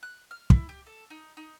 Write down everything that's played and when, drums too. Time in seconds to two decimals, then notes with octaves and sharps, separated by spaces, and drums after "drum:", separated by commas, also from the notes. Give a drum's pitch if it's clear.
0.03 F#6
0.31 F6
0.50 E4, drum: kick
0.69 G4
0.87 A4
1.10 D#4
1.37 D#4